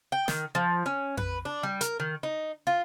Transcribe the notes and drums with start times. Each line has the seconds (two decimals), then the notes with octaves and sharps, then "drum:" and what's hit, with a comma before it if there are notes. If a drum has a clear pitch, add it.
0.12 G5
0.28 D#3, drum: snare
0.55 F3
0.86 C#4
1.17 B4, drum: tom F2
1.45 D4
1.63 G3
1.81 A#4, drum: hi-hat
2.00 D#3
2.23 D#4
2.67 F4